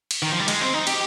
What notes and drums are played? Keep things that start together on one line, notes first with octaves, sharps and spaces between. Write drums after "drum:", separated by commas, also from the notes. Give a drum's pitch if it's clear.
drum: cymbal
D#3
F3
G3
G#3, drum: cymbal
C4
D#4
G4, drum: cymbal